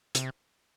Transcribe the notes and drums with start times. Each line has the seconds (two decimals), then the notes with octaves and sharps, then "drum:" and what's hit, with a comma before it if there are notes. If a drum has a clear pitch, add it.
0.15 C3, drum: hi-hat